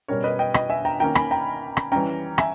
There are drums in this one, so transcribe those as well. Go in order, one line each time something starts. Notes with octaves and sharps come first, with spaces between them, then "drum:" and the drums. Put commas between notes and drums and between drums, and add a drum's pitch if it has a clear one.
B2 G3 C#4 A#4 C#5
B4 D#5
D#5 G5
D#5 G5, drum: rim click
E5 G#5
G5 A#5
D#3 A#3 C#4 G5 A#5
G#5 B5, drum: rim click
G5 A#5
drum: rim click
E3 G3 C#4 G5 A#5
E5 G#5, drum: rim click